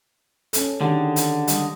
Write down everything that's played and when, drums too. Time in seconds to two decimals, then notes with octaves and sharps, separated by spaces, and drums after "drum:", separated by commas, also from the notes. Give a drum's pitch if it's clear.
0.53 C#4 A4, drum: hi-hat
0.81 D3 D#3 G4 G#4
1.16 drum: hi-hat
1.48 G3 G#3 D#5, drum: hi-hat